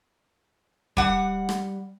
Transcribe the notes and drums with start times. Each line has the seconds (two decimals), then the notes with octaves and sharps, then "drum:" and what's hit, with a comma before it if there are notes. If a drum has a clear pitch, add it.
0.97 G3 F#5, drum: kick
1.49 drum: rim click